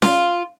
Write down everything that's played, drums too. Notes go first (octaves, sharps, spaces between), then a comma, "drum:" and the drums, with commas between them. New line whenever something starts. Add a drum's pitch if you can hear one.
F4, drum: snare C#4